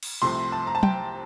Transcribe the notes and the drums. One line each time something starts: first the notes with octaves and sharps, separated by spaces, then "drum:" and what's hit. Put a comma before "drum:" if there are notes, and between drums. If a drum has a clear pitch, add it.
drum: cymbal
C2 C3 F3 A3 C6
A5
A#5
A5
G5, drum: tom